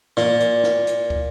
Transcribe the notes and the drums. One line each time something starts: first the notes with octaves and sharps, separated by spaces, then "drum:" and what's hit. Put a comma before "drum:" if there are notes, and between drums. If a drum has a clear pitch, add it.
A#2, drum: snare
drum: hi-hat
drum: snare
drum: hi-hat
drum: kick